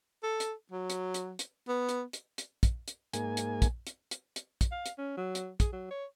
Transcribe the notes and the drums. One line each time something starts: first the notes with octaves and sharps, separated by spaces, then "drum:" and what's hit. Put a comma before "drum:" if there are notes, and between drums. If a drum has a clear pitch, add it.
A4
drum: hi-hat
F#3
drum: hi-hat
drum: hi-hat
drum: hi-hat
B3
drum: hi-hat
drum: hi-hat
drum: hi-hat
drum: kick, hi-hat
drum: hi-hat
G#2 A#3 G#5, drum: hi-hat
drum: hi-hat
drum: kick, hi-hat
drum: hi-hat
drum: hi-hat
drum: hi-hat
drum: kick, hi-hat
F5
drum: hi-hat
C#4
F#3
drum: hi-hat
G#4, drum: kick, hi-hat
F#3
C#5